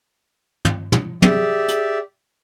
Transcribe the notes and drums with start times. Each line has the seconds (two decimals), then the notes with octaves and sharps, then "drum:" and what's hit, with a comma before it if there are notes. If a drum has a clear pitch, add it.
0.65 drum: tom
0.92 drum: tom
1.22 G4 G#4 D5 E5, drum: tom
1.68 drum: hi-hat